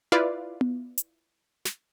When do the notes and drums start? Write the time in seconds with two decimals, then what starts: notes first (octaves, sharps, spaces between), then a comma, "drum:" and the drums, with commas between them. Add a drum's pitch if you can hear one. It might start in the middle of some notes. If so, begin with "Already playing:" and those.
0.12 E4 F4 B4 D5 F5
0.61 drum: tom B3
0.98 drum: hi-hat
1.65 drum: snare